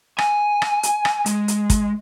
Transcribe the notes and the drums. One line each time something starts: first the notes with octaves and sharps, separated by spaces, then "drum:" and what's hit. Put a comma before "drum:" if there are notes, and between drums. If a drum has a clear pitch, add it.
G#5, drum: rim click
drum: rim click
drum: hi-hat
drum: rim click
G#3, drum: hi-hat
drum: hi-hat
drum: kick, hi-hat